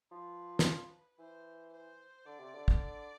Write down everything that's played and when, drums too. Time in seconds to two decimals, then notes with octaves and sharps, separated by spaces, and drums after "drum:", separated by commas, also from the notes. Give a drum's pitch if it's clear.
0.11 F3 B4
0.59 drum: snare
1.19 E3 C5
1.73 C5
2.26 D3 D5
2.40 C3
2.54 D3
2.68 drum: kick